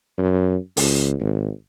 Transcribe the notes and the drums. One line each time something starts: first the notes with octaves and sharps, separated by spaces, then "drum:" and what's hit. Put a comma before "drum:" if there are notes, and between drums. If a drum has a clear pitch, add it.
F#2
C#2, drum: open hi-hat
G#1